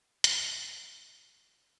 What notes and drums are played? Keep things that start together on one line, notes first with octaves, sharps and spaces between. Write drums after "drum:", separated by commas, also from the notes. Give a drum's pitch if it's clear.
D#5 G#5, drum: hi-hat